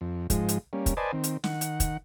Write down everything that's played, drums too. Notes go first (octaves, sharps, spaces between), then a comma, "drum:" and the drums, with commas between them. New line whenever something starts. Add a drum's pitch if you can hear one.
F2
G#2 F3 G#3, drum: kick, hi-hat
drum: hi-hat
G3 A#3 C#4
drum: kick, hi-hat
B4 C5 D5 D#5 G#5 A5
D#3 C4
drum: hi-hat
D#3 F#5, drum: snare
drum: hi-hat
drum: kick, hi-hat